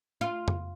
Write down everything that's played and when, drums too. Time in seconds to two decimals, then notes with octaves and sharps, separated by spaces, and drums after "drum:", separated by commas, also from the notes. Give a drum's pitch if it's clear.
0.21 F4
0.48 drum: tom